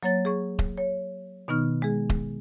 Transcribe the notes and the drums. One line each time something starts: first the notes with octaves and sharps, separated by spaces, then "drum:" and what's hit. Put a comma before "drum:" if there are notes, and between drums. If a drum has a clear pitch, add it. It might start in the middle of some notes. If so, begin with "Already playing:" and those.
F#3 A#3 C#5 A6
G#4 C#6
drum: kick D#1
C#5
B2 D#3 B3 D#4 C#6 F6
G#3 G#4
drum: kick D#1